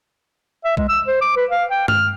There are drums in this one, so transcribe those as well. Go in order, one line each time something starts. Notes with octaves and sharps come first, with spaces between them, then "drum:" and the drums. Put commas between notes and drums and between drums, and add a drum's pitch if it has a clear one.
E5
G#3, drum: kick A#1
E6
C5
D6
B4
F5
G5
F6, drum: tom G2